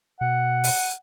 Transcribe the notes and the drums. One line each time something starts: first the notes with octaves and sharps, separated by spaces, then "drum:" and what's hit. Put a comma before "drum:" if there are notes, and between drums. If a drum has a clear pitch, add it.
B2 F#5
drum: open hi-hat